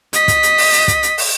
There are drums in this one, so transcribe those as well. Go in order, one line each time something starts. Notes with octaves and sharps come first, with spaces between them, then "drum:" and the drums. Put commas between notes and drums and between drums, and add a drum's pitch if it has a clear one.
D#5 B6, drum: hi-hat
drum: kick, hi-hat
drum: hi-hat
drum: open hi-hat
drum: hi-hat
drum: kick, hi-hat
drum: hi-hat
drum: open hi-hat